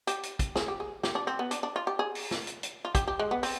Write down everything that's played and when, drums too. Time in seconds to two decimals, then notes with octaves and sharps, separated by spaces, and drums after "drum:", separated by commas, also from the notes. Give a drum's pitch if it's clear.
0.07 G4, drum: hi-hat
0.23 drum: hi-hat
0.39 drum: kick, hi-hat
0.55 G#4, drum: snare
0.68 G4
0.80 G#4
1.03 G4, drum: snare
1.15 D4
1.27 C4
1.39 B3
1.51 D4, drum: hi-hat
1.63 D4
1.76 F4
1.87 G4
1.99 G#4
2.15 drum: open hi-hat
2.31 drum: snare
2.47 drum: hi-hat
2.63 drum: hi-hat
2.85 F4
2.95 G4, drum: kick, hi-hat
3.08 G4
3.19 G#3
3.31 B3
3.43 C4, drum: open hi-hat